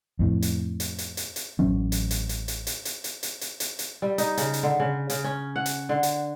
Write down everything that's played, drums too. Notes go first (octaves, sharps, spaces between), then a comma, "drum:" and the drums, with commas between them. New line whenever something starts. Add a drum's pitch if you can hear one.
F2 A2
drum: hi-hat
drum: hi-hat
drum: hi-hat
drum: hi-hat
drum: hi-hat
A1 F#3 C#4
drum: hi-hat
drum: hi-hat
drum: hi-hat
drum: hi-hat
drum: hi-hat
drum: hi-hat
drum: hi-hat
drum: hi-hat
drum: hi-hat
drum: hi-hat
drum: hi-hat
G3
D#4, drum: hi-hat
C#3, drum: hi-hat
drum: hi-hat
D3
C#3
C#3, drum: hi-hat
C#4
F#5
drum: hi-hat
D3
drum: hi-hat